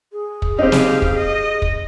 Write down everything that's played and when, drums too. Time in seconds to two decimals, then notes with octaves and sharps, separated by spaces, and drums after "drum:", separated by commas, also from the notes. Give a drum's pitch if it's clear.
0.12 G#4
0.42 drum: kick
0.59 C4 D#4 G4 F5
0.72 drum: snare
1.02 drum: kick
1.17 D#5
1.62 drum: kick